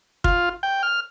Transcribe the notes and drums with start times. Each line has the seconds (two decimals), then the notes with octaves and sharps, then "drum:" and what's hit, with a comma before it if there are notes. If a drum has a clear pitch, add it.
0.24 F4, drum: kick
0.63 G5
0.83 F6